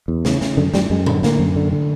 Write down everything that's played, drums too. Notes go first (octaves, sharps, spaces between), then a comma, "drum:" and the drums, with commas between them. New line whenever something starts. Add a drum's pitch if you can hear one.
E2
C#3, drum: snare
C#3, drum: snare
F#2 D3
F#2 G3, drum: snare
F#2 G#3
D3, drum: tom A2
D3 A#3, drum: snare
F#2
D3
D3